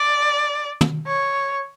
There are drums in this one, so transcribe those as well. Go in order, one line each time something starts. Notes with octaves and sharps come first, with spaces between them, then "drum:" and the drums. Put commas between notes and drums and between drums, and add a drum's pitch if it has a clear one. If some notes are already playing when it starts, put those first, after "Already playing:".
Already playing: D5
drum: tom
C#5